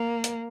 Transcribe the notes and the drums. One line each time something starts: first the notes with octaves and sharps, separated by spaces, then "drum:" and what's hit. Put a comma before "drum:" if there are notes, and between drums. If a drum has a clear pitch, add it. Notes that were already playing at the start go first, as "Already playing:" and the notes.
Already playing: A#3
drum: hi-hat